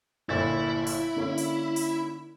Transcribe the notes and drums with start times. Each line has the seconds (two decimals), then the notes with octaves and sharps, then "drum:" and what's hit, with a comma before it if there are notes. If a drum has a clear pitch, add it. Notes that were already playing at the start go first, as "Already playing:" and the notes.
0.29 G1 A#2 E4 A6
0.87 drum: open hi-hat
1.16 D3 A#3 C#4
1.38 drum: open hi-hat
1.76 drum: open hi-hat